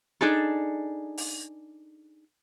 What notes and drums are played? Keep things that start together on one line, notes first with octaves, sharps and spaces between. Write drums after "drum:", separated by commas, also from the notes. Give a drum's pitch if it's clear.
D4 D#4 G#4 A4
drum: open hi-hat